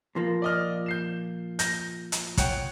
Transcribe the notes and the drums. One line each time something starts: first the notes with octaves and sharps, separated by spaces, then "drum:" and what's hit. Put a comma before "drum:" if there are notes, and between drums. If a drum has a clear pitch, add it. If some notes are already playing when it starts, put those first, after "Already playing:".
A#2 F3 A#3
D5 D#5 F6
G6 C7 E7
G6 A#6, drum: hi-hat
drum: hi-hat
C#5 F#5 G5, drum: kick, hi-hat